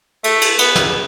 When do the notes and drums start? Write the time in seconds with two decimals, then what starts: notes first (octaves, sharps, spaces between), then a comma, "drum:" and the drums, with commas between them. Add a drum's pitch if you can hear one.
0.24 A3, drum: cymbal
0.41 drum: cymbal
0.59 B3, drum: cymbal
0.75 drum: snare